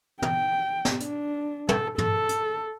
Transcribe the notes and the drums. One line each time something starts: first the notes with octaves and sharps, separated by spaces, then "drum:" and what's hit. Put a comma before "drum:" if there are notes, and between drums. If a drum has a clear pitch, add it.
G5, drum: tom
drum: snare
D4, drum: hi-hat
A4, drum: tom
A4, drum: tom
drum: hi-hat